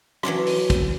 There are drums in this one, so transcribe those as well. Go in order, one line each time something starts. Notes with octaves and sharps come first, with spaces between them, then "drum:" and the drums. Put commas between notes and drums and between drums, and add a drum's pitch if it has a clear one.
E3 F#3 C#4 D4, drum: rim click
drum: open hi-hat
drum: kick, hi-hat